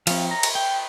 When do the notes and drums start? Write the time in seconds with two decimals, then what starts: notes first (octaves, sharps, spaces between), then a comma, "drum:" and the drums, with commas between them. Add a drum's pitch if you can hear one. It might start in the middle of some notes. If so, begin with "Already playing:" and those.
0.07 F3 C4 F5, drum: cymbal
0.31 A#5
0.43 drum: cymbal
0.55 G5